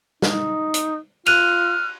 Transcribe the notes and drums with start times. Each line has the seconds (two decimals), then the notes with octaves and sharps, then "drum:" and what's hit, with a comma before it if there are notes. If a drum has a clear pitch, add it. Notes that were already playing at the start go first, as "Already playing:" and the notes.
0.22 D#4, drum: snare
0.74 drum: hi-hat
1.26 F4 F6 F#6 D#7 F7, drum: cymbal